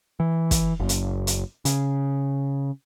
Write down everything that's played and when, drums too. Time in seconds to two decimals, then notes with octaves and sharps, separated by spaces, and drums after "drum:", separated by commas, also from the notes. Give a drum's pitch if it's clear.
0.20 E3
0.51 drum: kick, hi-hat
0.80 F#1
0.89 drum: hi-hat
1.27 drum: hi-hat
1.65 C#3, drum: hi-hat